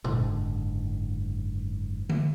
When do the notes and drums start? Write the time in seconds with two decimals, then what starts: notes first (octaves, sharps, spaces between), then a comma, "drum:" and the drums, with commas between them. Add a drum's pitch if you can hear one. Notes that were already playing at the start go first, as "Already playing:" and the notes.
0.04 F#1 G#2 D3, drum: tom A#2
2.09 drum: tom D3